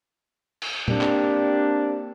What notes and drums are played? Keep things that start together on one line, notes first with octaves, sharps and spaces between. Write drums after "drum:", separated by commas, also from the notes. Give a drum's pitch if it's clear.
drum: cymbal
A#3 C4 D4 G4, drum: tom A#2
drum: clap